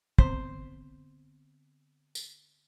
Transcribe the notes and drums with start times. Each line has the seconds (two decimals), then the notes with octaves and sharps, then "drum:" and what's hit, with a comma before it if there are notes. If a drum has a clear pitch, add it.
0.19 D3 B3 C4 C5, drum: kick
2.15 drum: tambourine